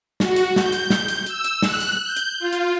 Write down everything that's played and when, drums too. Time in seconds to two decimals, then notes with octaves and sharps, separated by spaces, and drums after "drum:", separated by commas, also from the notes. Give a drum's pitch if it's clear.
0.20 F#4, drum: snare
0.36 drum: hi-hat
0.56 G6, drum: snare
0.72 drum: hi-hat
0.90 drum: snare
1.08 drum: hi-hat
1.26 E6, drum: hi-hat
1.44 drum: hi-hat
1.62 F#6, drum: snare
1.80 drum: hi-hat
2.04 G6
2.17 drum: hi-hat
2.39 F4
2.53 drum: hi-hat